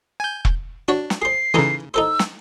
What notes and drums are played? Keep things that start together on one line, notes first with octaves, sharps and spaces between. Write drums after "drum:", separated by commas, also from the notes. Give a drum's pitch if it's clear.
G#5 G6
drum: kick E1
D4 F#4 C#5
drum: snare
G#4 C5 C7
C#3 E3 G#3 D#4 A4
D#4 A4 C5 E6
drum: snare